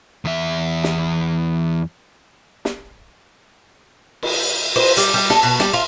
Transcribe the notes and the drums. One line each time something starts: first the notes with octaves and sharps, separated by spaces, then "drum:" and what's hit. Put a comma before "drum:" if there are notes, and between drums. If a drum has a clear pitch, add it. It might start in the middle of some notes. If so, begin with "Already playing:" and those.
E2 E5
drum: snare
drum: snare
drum: cymbal
C5, drum: cymbal
G3, drum: hi-hat
G3
A4, drum: snare
B2
G3, drum: snare
F4